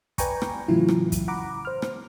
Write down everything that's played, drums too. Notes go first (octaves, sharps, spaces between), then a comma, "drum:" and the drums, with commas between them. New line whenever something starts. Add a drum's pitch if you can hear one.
B4 D5 G5 G#5 A#5 C#6, drum: kick, hi-hat
drum: rim click
A2 C#3 E3 F#3 E4 F4
drum: rim click
drum: kick, hi-hat
F#5 A#5 B5 D6
C5 F6
drum: rim click